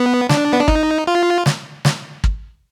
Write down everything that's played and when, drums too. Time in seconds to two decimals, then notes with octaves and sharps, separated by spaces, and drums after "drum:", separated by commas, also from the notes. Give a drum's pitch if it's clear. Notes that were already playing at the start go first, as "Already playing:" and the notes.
Already playing: B3
0.29 D4, drum: snare
0.53 B3
0.60 D4
0.68 D#4, drum: kick
1.07 F4
1.46 drum: snare
1.85 drum: snare
2.24 drum: kick